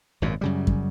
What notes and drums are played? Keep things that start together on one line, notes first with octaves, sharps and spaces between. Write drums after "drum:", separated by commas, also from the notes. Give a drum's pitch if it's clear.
G#1 F#2 A#2
F#2 C#3 G3
drum: kick F#2